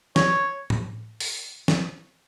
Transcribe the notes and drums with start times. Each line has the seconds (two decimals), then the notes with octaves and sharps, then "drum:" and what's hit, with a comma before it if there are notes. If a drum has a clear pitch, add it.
0.16 C#5, drum: snare
0.70 drum: tom A2
1.20 drum: open hi-hat
1.68 drum: snare